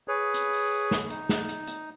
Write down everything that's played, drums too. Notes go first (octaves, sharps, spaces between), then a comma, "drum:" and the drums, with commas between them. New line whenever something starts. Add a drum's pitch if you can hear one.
G#4 B4 C#5
drum: hi-hat
drum: open hi-hat
drum: snare
D#4, drum: hi-hat
drum: snare
drum: hi-hat
drum: hi-hat